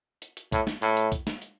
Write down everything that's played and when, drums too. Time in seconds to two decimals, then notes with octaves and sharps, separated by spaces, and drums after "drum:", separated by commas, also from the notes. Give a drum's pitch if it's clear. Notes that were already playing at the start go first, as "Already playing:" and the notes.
0.22 drum: hi-hat
0.37 drum: hi-hat
0.52 A2, drum: kick B1, hi-hat
0.67 drum: snare
0.82 A2, drum: hi-hat
0.97 drum: hi-hat
1.12 drum: kick B1, hi-hat
1.27 drum: snare
1.42 drum: hi-hat